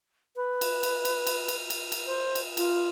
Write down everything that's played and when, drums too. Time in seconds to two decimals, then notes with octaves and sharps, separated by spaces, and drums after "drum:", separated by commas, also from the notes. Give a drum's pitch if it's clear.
0.36 B4
0.61 drum: cymbal
0.83 drum: cymbal
1.05 drum: cymbal
1.27 drum: cymbal
1.48 drum: cymbal
1.70 drum: cymbal
1.92 drum: cymbal
2.06 C5
2.35 drum: cymbal
2.57 F4, drum: cymbal